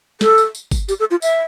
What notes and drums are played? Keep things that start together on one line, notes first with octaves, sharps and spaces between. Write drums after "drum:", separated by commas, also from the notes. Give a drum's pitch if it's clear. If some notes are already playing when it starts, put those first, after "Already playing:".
A4, drum: snare
drum: tambourine
drum: tambourine
drum: kick G1, tambourine
G4, drum: tambourine
A4
F4
E5, drum: tambourine